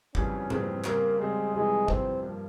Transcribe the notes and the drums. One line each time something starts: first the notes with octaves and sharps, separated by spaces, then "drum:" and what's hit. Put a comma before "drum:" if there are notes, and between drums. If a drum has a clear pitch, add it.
F2 C#3 E3 G3 C#4, drum: kick G#1
F2 C#3 E3 G3 C4, drum: tom G#2
C#3 G3 A#3 C4, drum: clap
C#3 G3 G#3 C4
F2 C3 E3 G3 G#3
F2 C3 E3 G3 C4, drum: kick G#1
G2 F3 A#3